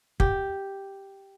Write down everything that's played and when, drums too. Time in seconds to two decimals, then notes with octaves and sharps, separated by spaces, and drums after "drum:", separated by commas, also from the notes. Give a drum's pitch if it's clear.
0.20 G4, drum: kick